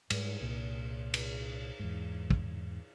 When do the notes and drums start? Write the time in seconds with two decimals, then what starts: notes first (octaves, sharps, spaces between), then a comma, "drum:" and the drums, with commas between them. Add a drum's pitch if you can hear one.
0.10 G#2 G3, drum: cymbal
0.41 C2 A#2
1.14 drum: cymbal
1.80 E2 G#2
2.31 drum: kick